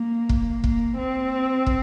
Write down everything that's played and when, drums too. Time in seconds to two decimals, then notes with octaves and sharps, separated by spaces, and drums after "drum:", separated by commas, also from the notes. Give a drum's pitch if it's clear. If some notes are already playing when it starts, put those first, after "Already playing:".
Already playing: A#3
0.29 drum: kick
0.64 A#3, drum: kick
0.98 C4
1.66 drum: kick